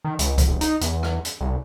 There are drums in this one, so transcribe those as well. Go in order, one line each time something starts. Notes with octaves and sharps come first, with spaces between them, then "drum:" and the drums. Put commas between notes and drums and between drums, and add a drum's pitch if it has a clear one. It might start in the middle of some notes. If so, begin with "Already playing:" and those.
D#3
C#2, drum: hi-hat
drum: kick C#2, hi-hat
D#1
D#4, drum: hi-hat
E2, drum: hi-hat
drum: rim click
drum: hi-hat
C2